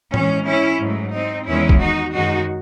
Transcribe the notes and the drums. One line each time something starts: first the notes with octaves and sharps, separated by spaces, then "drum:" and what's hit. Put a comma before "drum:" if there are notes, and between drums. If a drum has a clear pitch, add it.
G#2 E3 G#3 C#4, drum: tom A2
C#4 E4
G#2 F#3 A3
C4 D#4
E2 D#3 G#3 C#4 E4
drum: kick
D#4 F#4
F#2 D#3 G#3 D#4 F#4